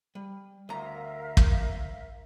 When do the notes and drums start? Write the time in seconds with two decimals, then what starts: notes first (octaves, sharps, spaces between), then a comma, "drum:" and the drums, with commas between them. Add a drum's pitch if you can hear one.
0.15 G3
0.69 D2 A#4 E5 F5 A#5
1.37 drum: kick